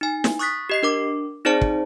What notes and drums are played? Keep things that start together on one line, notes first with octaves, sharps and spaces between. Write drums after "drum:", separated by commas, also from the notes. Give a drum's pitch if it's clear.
D#4 G#5
drum: snare
C#6 D#6 F#6 A6 B6
G4 D#5 C7
D4 A#4 D6
C4 D#4 G#4 C5 D5 A5
drum: kick